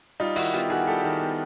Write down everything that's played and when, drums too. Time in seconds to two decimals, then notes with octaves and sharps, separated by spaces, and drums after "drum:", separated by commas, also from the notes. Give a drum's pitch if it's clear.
0.20 G3 D#4 F4
0.36 D#3 E4 F#4, drum: open hi-hat
0.53 B3 F4 G4
0.70 D#3 F#4 G#4
0.87 G3 G4 A4
1.04 D#3
1.21 B3